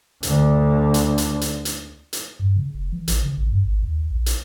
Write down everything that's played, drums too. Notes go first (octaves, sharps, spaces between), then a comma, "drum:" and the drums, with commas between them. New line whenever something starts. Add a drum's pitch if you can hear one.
D2 D3, drum: hi-hat
drum: hi-hat
drum: hi-hat
drum: hi-hat
drum: hi-hat
drum: hi-hat
G2
C#3
F1
E3
A1, drum: hi-hat
C#3
A1
G2
G#1
D#2
A#1
drum: hi-hat